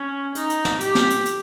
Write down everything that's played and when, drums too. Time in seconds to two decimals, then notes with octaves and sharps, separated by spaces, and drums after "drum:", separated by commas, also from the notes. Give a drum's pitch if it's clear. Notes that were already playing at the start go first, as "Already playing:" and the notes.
Already playing: C#4
0.35 D#4, drum: hi-hat
0.50 drum: hi-hat
0.65 drum: snare
0.81 G4, drum: hi-hat
0.95 drum: snare
1.10 drum: hi-hat
1.25 drum: hi-hat